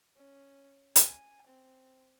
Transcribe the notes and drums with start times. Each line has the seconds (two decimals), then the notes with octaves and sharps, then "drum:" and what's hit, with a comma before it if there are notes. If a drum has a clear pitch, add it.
0.17 C#4
0.96 G#5, drum: hi-hat
1.47 C4